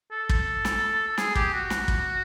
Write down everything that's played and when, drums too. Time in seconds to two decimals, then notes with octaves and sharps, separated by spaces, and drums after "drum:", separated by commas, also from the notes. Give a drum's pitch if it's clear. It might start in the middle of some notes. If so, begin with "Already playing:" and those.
0.12 A4
0.29 drum: kick
0.65 drum: snare
1.08 A4
1.18 G#4, drum: snare
1.35 G4, drum: kick
1.53 F#4
1.70 drum: snare
1.88 drum: kick